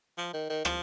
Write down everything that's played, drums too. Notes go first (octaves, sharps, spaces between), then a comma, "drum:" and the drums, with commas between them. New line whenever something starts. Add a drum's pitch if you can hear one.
F3
D#3
D#3
F3, drum: rim click